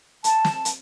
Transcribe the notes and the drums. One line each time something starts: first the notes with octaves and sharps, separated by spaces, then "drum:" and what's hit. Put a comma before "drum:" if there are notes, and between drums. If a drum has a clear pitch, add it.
A5, drum: hi-hat
drum: snare
drum: hi-hat